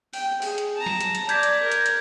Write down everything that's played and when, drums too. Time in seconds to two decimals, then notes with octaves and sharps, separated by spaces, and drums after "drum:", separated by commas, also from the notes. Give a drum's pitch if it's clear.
0.13 G5, drum: open hi-hat
0.42 G#4, drum: open hi-hat
0.58 drum: hi-hat
0.77 A5 A#5
0.86 drum: snare
1.01 drum: hi-hat
1.15 drum: hi-hat
1.29 D5 G6 G#6 B6, drum: hi-hat
1.43 drum: hi-hat
1.62 A#4
1.72 drum: hi-hat
1.86 drum: hi-hat